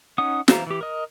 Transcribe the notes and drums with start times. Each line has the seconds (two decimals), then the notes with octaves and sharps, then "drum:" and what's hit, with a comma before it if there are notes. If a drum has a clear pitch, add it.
0.18 C#4 D#4 F#5 D#6
0.48 E3 C5 F5 A#5, drum: snare
0.67 E3 G4
0.81 A#4 D#5